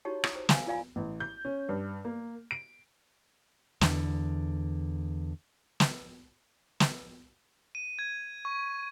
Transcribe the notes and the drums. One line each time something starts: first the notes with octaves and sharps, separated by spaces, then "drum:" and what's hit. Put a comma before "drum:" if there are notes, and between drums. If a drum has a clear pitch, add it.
D#4 E4 F#4 G4 C#5 A5
E4, drum: rim click
C5
F5 G#5, drum: snare
E4 F4 D5 F5 G#5 B5
A1
G6
C#4
G2
A#3
D7
E2 D3, drum: snare
drum: snare
drum: snare
D#7
G#6
C#6